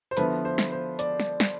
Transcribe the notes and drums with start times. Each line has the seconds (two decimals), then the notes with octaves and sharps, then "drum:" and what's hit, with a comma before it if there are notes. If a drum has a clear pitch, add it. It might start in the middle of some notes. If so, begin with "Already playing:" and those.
0.11 C5
0.17 D3 F3 B3 E4 B4, drum: hi-hat
0.45 C5
0.58 drum: snare
0.72 C5
0.99 D5, drum: hi-hat
1.20 drum: snare
1.40 drum: snare